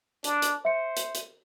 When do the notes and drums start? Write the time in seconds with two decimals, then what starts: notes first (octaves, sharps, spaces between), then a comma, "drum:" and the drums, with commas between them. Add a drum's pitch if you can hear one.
0.24 D4, drum: hi-hat
0.42 drum: hi-hat
0.65 C5 E5 C#7
0.97 drum: hi-hat
1.15 drum: hi-hat